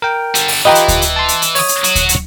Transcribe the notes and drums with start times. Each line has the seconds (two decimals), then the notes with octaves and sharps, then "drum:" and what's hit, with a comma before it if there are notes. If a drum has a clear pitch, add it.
0.02 A#4 G5
0.35 D3 G3, drum: hi-hat
0.48 drum: open hi-hat
0.65 E3 F4 G4 B4 D#5 G5 A#5
0.75 drum: hi-hat
0.88 drum: kick D2, hi-hat
1.02 drum: hi-hat
1.16 A5 C6
1.28 drum: hi-hat
1.42 drum: hi-hat
1.55 C#5 D#6, drum: open hi-hat
1.69 drum: hi-hat
1.84 F#3 F#4, drum: hi-hat
1.95 drum: kick D2, hi-hat
2.09 drum: hi-hat